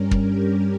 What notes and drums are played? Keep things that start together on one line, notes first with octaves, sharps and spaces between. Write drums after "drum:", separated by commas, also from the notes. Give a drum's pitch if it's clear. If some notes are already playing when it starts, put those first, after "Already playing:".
Already playing: G2 G3 C#4 A#4
drum: kick
G4